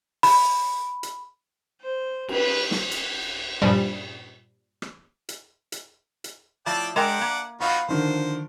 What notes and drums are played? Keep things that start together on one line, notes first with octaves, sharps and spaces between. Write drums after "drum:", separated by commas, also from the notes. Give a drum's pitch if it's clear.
B5, drum: open hi-hat
drum: hi-hat
C5
B4, drum: cymbal
drum: snare
drum: hi-hat
G2 A#2 F3 G3
drum: rim click
drum: hi-hat
drum: hi-hat
drum: hi-hat
A2 F3 D5 G5 A5
G#3 D4 A#4 F#5 G5 D6
A#3
F3 D#4 F#4 F5 B5
D3 D#3 F3 C5